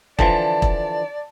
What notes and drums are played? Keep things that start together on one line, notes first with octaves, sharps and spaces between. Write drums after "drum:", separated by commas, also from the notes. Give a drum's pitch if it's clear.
D3 E3 F3 D5 A5, drum: kick E1
drum: kick E1